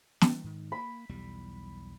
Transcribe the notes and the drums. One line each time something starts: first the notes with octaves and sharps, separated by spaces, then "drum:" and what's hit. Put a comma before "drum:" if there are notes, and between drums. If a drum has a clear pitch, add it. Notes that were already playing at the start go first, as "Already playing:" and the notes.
E3 G3 A#3, drum: snare
G#2 D#3
A#3 B5
B1 E2 G3